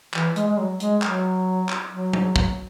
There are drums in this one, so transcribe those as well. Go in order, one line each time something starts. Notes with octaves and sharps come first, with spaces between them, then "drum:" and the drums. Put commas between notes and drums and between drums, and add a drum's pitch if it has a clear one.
E3, drum: clap
G#3, drum: hi-hat
G#3
F#3
G#3, drum: hi-hat
F#3, drum: clap
drum: clap
F#3
drum: tom F#3
drum: kick